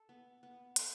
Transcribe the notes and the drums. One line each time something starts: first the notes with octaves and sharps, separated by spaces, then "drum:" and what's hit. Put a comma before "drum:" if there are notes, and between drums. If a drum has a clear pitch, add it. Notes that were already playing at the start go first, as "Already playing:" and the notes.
Already playing: A4
B3
B3
A4, drum: hi-hat